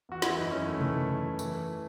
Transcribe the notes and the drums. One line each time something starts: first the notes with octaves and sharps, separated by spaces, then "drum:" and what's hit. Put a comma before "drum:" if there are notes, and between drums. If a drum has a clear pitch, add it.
E2 F#4
E3 E4, drum: snare
F#2 D#4
E3 C#4
F#2 A3
E3 A3, drum: tom C3
E3
E3
E3
E3, drum: tambourine
E3